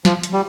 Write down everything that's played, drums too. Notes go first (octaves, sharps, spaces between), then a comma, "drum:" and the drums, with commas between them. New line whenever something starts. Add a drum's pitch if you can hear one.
F3, drum: snare
drum: hi-hat
G3